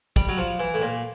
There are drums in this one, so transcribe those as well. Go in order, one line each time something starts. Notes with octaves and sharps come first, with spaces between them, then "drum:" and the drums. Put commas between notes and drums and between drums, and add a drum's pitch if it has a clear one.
G3, drum: kick, hi-hat
F#3
F3
E3
A2
A#2